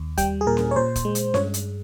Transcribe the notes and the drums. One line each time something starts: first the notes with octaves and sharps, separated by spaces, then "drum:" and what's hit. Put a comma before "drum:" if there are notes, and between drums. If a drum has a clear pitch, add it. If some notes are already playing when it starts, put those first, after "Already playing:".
Already playing: D#2
G3 G5, drum: kick, hi-hat
G#4
A#2 A#4
drum: snare C#4
C#5
A#2 C5
drum: kick, hi-hat
G#3
drum: hi-hat
G2 C#5, drum: snare C#4
drum: hi-hat